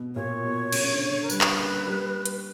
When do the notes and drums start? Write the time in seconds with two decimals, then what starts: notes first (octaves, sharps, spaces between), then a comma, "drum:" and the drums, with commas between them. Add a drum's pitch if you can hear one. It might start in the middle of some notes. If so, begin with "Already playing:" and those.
Already playing: B2
0.15 A#2 C#5
0.44 B2
0.72 C#3, drum: cymbal
0.84 C#3
0.92 D3
1.11 D3
1.22 A#4
1.30 G3 B4, drum: tambourine
1.41 drum: clap
1.59 A#3
1.87 G3
2.25 drum: hi-hat